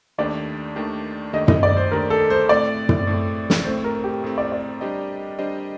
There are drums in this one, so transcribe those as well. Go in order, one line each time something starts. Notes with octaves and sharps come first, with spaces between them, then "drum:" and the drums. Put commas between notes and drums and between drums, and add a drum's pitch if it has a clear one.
D#2 D#3 A3 D4 G4 D5
D#2 D#3 A3 D4 G4
D#2 D#3 A3 D4 G4 D#5
D#5, drum: tom
D5
C5
D#2 D#3 A3 D4 G4 A#4
A4
C5
A2 A3 C4 D5
drum: tom
A2 A3 C4
drum: snare
A2 A3 C4 C5
A#4
G4
A2 A3 C4
D5
D5
G3 D4 G4 C5 D#5
G3 D4 G4 C5 D#5